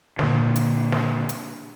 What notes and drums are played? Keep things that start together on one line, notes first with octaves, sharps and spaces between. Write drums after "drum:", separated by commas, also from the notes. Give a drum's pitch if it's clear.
A#2 D3, drum: snare
drum: hi-hat
drum: snare
drum: hi-hat